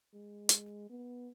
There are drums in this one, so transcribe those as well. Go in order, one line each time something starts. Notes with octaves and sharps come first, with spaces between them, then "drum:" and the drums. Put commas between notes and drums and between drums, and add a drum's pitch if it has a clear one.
G#3
drum: hi-hat
B3